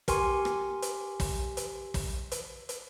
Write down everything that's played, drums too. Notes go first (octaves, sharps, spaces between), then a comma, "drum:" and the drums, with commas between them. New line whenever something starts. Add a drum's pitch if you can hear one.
G4 A#4 G#5 C6 C#6, drum: kick, hi-hat
drum: rim click
drum: hi-hat
drum: kick, open hi-hat
drum: hi-hat
drum: kick, open hi-hat
drum: hi-hat
drum: hi-hat